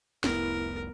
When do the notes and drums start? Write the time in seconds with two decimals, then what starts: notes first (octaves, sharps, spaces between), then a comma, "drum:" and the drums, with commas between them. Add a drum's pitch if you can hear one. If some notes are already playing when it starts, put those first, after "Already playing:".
0.24 F1 C2 B3 E4 A#4, drum: snare